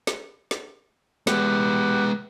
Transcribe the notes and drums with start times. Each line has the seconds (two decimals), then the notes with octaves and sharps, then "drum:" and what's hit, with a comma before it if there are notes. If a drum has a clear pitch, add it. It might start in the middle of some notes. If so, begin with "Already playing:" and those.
0.07 drum: snare
0.51 drum: snare
1.27 G#3 B3 G4 F#5, drum: snare